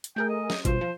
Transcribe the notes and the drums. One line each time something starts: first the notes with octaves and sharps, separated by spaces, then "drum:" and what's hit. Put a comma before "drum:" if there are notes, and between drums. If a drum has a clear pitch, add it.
drum: hi-hat
A3 G#4 A#4 G5
D#5
drum: snare
G2 B2 F3 C5, drum: kick G#1, hi-hat
F3